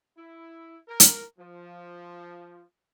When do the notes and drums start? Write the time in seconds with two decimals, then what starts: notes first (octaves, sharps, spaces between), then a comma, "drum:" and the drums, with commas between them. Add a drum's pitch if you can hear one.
0.17 E4
0.88 A#4
1.00 drum: hi-hat
1.39 F3